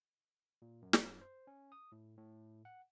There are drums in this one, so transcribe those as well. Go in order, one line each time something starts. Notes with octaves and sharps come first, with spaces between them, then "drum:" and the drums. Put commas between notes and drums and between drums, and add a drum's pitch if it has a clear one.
A#2
F#2
drum: snare
C5
C#4
D#6
A2
A2
F#5